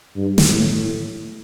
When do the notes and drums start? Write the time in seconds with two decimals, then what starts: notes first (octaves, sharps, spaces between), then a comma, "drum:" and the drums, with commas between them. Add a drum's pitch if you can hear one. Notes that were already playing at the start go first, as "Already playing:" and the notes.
0.16 G2
0.38 drum: snare
0.52 A2